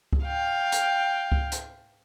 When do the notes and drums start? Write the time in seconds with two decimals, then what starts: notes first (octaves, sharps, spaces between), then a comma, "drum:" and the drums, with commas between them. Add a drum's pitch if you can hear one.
0.13 drum: kick C#2
0.25 F5 G5
0.72 drum: hi-hat
1.32 drum: kick C#2
1.52 drum: hi-hat